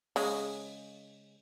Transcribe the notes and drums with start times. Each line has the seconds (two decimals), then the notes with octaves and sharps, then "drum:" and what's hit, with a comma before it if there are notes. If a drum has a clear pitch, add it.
0.16 C#3 G#3, drum: open hi-hat